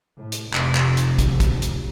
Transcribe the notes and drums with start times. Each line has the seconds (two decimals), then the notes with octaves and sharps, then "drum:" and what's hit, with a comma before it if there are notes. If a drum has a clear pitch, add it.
0.18 A2
0.32 drum: hi-hat
0.54 F1, drum: clap
0.75 drum: clap
0.97 drum: hi-hat
1.19 drum: kick, hi-hat
1.40 drum: kick, hi-hat
1.62 drum: hi-hat